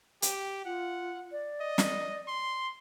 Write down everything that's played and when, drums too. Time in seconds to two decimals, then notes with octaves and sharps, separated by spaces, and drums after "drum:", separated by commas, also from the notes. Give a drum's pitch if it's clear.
0.22 G4, drum: hi-hat
0.65 F4 F#5
1.32 D5
1.61 D#5
1.78 drum: snare
2.28 C6